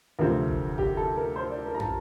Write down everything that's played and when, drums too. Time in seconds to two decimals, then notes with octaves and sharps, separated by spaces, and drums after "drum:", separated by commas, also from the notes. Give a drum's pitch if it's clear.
0.19 D2 C3 F3 C4 A#4
0.48 drum: kick F1
0.78 G4, drum: kick F1
0.97 A4
1.17 A#4
1.36 C5
1.50 D5
1.66 A#4
1.74 A#5
1.80 A5, drum: tom